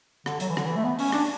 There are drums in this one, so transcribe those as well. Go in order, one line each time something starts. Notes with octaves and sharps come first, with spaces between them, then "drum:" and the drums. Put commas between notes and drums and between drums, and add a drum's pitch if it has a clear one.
D3, drum: rim click
F#3, drum: hi-hat
E3
D3, drum: rim click
E3
A3
B3
C#4, drum: open hi-hat
D4, drum: rim click